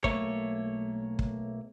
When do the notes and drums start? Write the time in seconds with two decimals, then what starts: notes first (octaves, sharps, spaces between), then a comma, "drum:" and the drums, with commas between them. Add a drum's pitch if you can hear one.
0.04 B1 A3 A#3 C#5, drum: kick
1.19 drum: kick